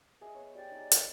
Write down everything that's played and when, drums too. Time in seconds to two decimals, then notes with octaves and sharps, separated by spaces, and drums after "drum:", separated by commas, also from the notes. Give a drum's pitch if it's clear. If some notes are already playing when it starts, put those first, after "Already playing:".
0.21 G#4 D#5 E5
0.34 B3 C#5
0.55 G4 D5 D#5 G5
0.71 D#4 G#4
0.92 D#5, drum: hi-hat